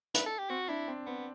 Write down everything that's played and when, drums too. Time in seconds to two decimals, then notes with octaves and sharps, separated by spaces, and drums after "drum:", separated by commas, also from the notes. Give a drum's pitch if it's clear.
0.14 B4, drum: hi-hat
0.26 A4
0.39 G4
0.50 C4 F#4
0.68 D4 E4
0.88 C4
1.06 B3 C4